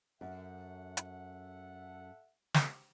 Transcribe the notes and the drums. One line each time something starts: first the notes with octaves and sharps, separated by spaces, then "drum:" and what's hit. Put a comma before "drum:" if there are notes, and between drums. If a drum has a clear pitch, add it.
F#2 A4 E5 F#5
drum: hi-hat
drum: snare